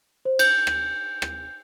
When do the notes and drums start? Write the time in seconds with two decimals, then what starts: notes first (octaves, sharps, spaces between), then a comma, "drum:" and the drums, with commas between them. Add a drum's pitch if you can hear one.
0.25 C5
0.39 G6, drum: cymbal
0.67 drum: rim click
1.22 drum: rim click